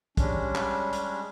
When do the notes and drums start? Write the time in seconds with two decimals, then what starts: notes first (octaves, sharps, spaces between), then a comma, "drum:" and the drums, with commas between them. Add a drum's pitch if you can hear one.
0.17 G3 G#3 C#4 D4, drum: kick, hi-hat
0.55 drum: clap
0.93 drum: hi-hat